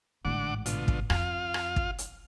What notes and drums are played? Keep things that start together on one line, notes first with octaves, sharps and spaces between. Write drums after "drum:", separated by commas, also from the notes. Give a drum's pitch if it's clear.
A1 G#2 D3 F#5 D6
B2 D3 F4, drum: hi-hat
drum: kick
F2 F4 F5, drum: rim click
drum: rim click
drum: kick
drum: hi-hat